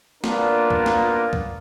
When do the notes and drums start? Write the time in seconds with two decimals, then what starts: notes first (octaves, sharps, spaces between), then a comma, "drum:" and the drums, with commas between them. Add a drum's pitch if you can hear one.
0.24 A#3 B3 D4 F4 A#4 D5, drum: snare
0.70 drum: kick
0.86 drum: snare
1.33 drum: kick